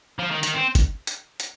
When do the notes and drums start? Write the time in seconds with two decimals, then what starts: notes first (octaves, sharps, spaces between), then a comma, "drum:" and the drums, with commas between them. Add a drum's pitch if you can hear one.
0.19 F3
0.31 D#3
0.43 D#3, drum: hi-hat
0.55 C4
0.75 drum: kick, hi-hat
1.07 drum: hi-hat
1.40 drum: hi-hat